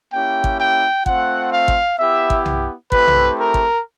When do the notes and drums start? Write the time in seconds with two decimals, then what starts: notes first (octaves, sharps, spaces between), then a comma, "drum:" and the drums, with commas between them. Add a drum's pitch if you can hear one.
0.13 A#3 C#4 E4 G4 G5
0.44 drum: kick
0.60 G5
1.06 A3 C4 F4 F#5, drum: kick
1.52 F5
1.68 drum: kick
1.99 B3 E4 G4 E5
2.30 drum: kick
2.46 drum: tom B1
2.92 A3 C4 E4 G4 B4, drum: kick
3.08 drum: tom B1
3.39 A#4
3.54 drum: kick